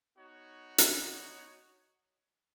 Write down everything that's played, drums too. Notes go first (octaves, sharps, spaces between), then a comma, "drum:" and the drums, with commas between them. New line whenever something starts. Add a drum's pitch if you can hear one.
B3 D#4 F#4 C#5
drum: hi-hat